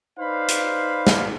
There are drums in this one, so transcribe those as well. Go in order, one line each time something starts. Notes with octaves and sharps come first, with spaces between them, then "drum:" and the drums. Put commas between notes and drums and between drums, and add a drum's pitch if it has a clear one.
D#4 B4 C5 D5 F5 B5
drum: hi-hat
drum: snare